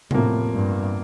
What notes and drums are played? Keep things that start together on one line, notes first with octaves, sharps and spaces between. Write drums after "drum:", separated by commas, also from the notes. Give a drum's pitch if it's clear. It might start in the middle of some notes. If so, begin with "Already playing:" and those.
E2 A2 C3 F3 A#3, drum: tom C3
G2